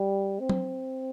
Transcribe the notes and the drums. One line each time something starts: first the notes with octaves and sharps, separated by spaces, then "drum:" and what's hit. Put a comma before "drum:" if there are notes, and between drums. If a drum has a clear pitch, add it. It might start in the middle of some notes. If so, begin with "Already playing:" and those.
Already playing: G3
C4
drum: tom F#3